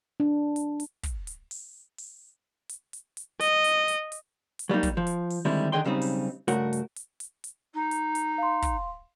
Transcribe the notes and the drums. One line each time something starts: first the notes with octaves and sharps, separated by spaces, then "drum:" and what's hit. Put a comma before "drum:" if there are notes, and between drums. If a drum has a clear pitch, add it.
D4
drum: hi-hat
drum: hi-hat
drum: kick, hi-hat
drum: hi-hat
drum: open hi-hat
drum: open hi-hat
drum: hi-hat
drum: hi-hat
drum: hi-hat
D#5, drum: hi-hat
drum: hi-hat
drum: hi-hat
drum: hi-hat
drum: hi-hat
F#3 G3 A#3 D#4
drum: kick, hi-hat
F3
drum: hi-hat
drum: open hi-hat
D3 D#3 G3 G#3 C4 E4
D3 D#3 G#4 D#5 G5 C6
B1 C#3 G3 C4 D#4
drum: open hi-hat
G2 C#3 A3 F#4 A#4 F#5, drum: hi-hat
drum: hi-hat
drum: hi-hat
drum: hi-hat
drum: hi-hat
D#4
drum: hi-hat
drum: hi-hat
F5 C6
drum: kick, hi-hat